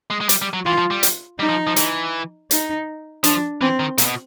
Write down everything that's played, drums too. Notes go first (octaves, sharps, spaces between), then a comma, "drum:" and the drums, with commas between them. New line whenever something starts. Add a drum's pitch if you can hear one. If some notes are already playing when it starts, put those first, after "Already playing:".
G#3
G#3
G3, drum: hi-hat
G3
F#3
E3 F4
F3
G3
drum: hi-hat
G3 D#4
F3
F3
E3, drum: hi-hat
D#4, drum: hi-hat
F3 D4, drum: hi-hat
E3 C4
D#3
A#2, drum: hi-hat
B2